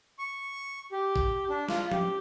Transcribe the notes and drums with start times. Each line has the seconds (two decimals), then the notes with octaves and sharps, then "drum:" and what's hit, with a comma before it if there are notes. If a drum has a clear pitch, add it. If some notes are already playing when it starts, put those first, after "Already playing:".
0.19 C#6
0.92 G4
1.16 drum: kick
1.50 D4
1.68 F4, drum: snare
1.92 G4, drum: tom F3